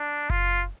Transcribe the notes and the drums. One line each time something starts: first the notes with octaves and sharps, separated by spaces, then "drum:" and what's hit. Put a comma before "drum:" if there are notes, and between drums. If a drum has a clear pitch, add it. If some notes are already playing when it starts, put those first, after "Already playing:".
Already playing: D4
F4, drum: kick F#1, hi-hat